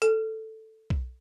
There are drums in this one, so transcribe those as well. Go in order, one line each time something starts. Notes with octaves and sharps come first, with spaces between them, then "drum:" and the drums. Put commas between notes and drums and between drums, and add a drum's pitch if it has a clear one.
A4, drum: hi-hat
drum: kick B1